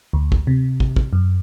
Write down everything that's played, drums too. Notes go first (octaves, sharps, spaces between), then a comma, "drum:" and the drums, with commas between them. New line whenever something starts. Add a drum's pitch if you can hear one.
D2
drum: kick
C3
drum: kick
drum: kick
F#2